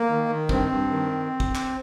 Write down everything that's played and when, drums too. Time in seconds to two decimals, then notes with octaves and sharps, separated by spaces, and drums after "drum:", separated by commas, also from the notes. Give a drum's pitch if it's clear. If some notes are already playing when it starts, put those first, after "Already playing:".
Already playing: A#3
0.09 D#3
0.29 D#3
0.49 G2 C4, drum: kick
0.70 G2
0.90 D#3
1.40 drum: kick
1.55 drum: clap